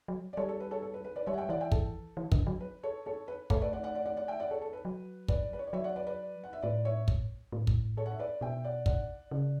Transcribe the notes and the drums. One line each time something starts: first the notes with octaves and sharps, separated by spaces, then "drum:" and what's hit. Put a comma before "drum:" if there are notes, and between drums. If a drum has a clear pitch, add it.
F#3
D5
G3 A4 C#5
A4
B4
A4 C#5
A4
B4
B4
B4 D5
G3 C#5 E5
F#5
E5 G5
E3 D5 F#5
E5 G5
A4, drum: kick
E3
D3, drum: kick
F#3
B4
A4 C#5
A4 C#5
B4
A3 A4 C#5, drum: kick
B4 D5
D5 F#5
D5 F#5
D5 F#5
D5 F#5
D5 F#5
E5 G5
D5 F#5
A4 C#5
A4
B4
F#3
B4 D5, drum: kick
B4
C#5
D5
F#3 C#5 E5
D5 F#5
B4 D5
B4 D5
F#5
E5
A2 B4 D5
C#5 E5
drum: kick
A2
drum: kick
A4 C#5
F#5
E5
B4 D5
B2 E5 G5
D5 F#5
D5 F#5, drum: kick
C#3